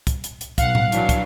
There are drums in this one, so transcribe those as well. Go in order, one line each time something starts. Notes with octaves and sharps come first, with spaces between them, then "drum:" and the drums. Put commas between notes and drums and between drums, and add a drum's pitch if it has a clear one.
drum: kick, hi-hat
drum: hi-hat
drum: hi-hat
B1 F5 F#5, drum: kick, hi-hat
drum: tom A2
E3 F#3 D4, drum: hi-hat
drum: kick, hi-hat